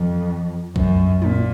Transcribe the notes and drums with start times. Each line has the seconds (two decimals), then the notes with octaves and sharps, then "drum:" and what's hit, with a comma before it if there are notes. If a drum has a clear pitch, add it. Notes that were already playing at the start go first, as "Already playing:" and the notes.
Already playing: F2
0.76 F#2, drum: kick B1
1.22 A#2, drum: tom